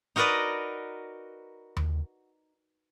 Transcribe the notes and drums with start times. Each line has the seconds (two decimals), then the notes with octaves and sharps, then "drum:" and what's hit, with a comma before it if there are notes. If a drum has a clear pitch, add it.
0.16 D#4 F#4 A#4 B4 D5 D#5
1.77 drum: tom D#2